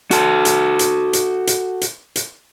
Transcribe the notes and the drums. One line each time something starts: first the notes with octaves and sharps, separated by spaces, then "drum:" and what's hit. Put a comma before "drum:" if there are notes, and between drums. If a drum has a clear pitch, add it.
F#4 A4, drum: hi-hat
drum: hi-hat
drum: hi-hat
drum: hi-hat
drum: hi-hat
drum: hi-hat
drum: hi-hat